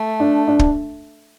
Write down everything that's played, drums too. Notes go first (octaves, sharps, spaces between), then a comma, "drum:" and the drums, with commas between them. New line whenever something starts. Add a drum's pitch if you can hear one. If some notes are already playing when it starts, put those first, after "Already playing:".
Already playing: A3
D4
D4
drum: kick